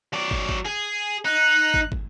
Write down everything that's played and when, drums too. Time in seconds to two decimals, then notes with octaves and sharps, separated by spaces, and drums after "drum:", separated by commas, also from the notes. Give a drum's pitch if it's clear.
0.13 F#3 D5
0.31 drum: kick
0.49 drum: kick
0.65 G#4
1.25 D#4 F#6
1.74 drum: kick
1.92 drum: kick